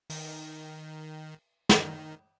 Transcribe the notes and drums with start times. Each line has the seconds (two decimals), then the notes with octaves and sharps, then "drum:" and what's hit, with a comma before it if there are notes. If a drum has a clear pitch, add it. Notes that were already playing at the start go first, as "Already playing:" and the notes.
0.10 D#3, drum: open hi-hat
1.69 D#3, drum: snare